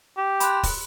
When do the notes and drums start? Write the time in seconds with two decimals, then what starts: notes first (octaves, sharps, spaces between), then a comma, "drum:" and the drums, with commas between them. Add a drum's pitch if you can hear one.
0.17 G4
0.40 B5 C6 F#6, drum: hi-hat
0.63 drum: kick, open hi-hat